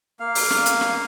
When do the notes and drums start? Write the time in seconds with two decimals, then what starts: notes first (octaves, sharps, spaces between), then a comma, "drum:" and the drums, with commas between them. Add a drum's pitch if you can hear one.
0.20 A#3 F5
0.35 drum: open hi-hat
0.50 drum: snare
0.66 drum: hi-hat
0.81 drum: snare